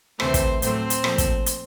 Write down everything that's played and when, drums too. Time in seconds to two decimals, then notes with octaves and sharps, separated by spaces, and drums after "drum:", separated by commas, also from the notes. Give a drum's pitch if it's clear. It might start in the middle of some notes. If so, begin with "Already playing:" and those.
0.20 D2 C3 E3 A3 C4 C5, drum: rim click
0.34 drum: kick, hi-hat
0.62 A2 F#3 A3 C4 C5, drum: hi-hat
0.90 drum: hi-hat
1.04 A#2 F3 A3, drum: rim click
1.18 drum: kick, hi-hat
1.46 drum: hi-hat